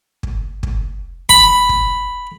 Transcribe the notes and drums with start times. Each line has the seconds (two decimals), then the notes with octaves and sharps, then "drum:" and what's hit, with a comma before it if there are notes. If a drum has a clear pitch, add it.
0.23 drum: kick
0.63 drum: kick
1.29 B5, drum: kick
1.69 drum: kick